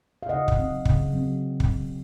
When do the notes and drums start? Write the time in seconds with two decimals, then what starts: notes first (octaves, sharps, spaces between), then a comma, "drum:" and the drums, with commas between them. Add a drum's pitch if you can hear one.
0.23 F5
0.29 C#3 D#5 F#5
0.48 drum: kick
0.57 F#3 C4
0.85 C#3, drum: kick
1.13 F#3 C4
1.60 drum: kick